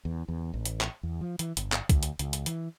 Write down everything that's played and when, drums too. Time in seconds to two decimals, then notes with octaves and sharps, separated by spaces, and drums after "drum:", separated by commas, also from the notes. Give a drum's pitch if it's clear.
0.05 E2
0.28 E2
0.54 A1
0.65 drum: hi-hat
0.81 drum: clap
1.03 E2
1.21 F3
1.39 E3, drum: hi-hat
1.57 G1, drum: hi-hat
1.72 drum: clap
1.89 D2, drum: kick C2, hi-hat
2.03 drum: hi-hat
2.19 C#2, drum: hi-hat
2.33 drum: hi-hat
2.46 E3, drum: hi-hat